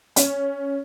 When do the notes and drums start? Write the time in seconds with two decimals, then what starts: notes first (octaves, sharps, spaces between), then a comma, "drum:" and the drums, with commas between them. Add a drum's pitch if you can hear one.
0.16 C#4, drum: hi-hat